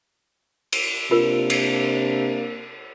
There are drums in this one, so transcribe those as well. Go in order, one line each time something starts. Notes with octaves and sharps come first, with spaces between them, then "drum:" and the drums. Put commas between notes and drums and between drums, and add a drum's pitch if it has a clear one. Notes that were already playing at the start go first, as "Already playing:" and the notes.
drum: cymbal
C3 A#3 D4 F4 A#4
drum: cymbal